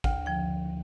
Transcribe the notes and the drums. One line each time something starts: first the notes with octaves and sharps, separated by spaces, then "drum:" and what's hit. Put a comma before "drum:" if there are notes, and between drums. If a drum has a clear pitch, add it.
D2 G5, drum: kick A1
D3 F3 G5